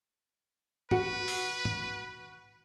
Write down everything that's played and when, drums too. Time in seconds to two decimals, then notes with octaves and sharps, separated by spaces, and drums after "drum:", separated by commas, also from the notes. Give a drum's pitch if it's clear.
0.91 F#4 B4 C#7, drum: tom
1.28 drum: open hi-hat
1.65 drum: tom